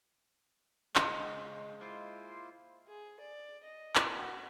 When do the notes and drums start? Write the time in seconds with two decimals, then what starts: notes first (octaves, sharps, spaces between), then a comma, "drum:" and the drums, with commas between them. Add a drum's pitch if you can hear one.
0.96 C#3 G#3 C5 D#5, drum: clap
1.81 A#3 E4 F4 C5
2.88 G#4
3.20 D5
3.64 D#5
3.95 drum: clap
4.15 F#4